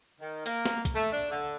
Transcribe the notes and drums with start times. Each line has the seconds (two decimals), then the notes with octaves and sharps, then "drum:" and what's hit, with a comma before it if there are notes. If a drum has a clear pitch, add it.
0.20 D#3
0.46 A#3, drum: hi-hat
0.65 drum: snare
0.85 drum: kick, hi-hat
0.94 A3
1.11 D4
1.31 D3